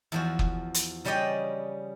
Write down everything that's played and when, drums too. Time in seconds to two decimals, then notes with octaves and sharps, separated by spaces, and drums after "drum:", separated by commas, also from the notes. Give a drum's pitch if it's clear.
0.12 E2 F3 F#4
0.39 drum: kick
0.74 drum: hi-hat
1.05 C#3 G3 C#4 D5 D#5 G5